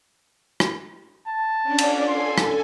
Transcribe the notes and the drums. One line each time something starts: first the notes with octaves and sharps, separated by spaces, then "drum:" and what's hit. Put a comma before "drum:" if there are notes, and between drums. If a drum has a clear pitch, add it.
drum: rim click
A5
C#4 D4 D5
drum: cymbal
A4 G#5 C6
drum: rim click